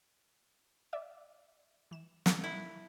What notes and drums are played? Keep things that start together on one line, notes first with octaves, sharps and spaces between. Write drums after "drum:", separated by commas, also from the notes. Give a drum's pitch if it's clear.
D5 E5 D6
E3 E7
A#4, drum: snare
E4